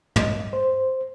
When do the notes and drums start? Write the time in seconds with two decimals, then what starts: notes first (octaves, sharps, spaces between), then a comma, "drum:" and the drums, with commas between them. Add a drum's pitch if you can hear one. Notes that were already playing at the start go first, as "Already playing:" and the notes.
0.16 D#5, drum: tom
0.53 C5